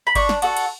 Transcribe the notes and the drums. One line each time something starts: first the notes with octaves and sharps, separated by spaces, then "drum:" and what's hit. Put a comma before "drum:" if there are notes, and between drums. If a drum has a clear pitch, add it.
B5
D4 C#6, drum: kick G1, cymbal
drum: snare
F#4 A4, drum: cymbal
drum: cymbal